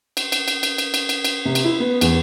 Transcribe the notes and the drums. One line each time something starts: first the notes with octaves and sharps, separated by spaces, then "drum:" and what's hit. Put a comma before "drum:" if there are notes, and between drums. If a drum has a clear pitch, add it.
drum: cymbal
drum: cymbal
drum: cymbal
drum: cymbal
drum: cymbal
drum: cymbal
drum: cymbal
drum: cymbal
C3
drum: cymbal
E4
B3
E2, drum: cymbal